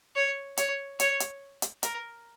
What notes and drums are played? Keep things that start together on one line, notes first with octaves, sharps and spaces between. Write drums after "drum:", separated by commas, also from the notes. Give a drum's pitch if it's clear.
C#5
C#5, drum: hi-hat
C#5, drum: hi-hat
drum: hi-hat
drum: hi-hat
A#4, drum: hi-hat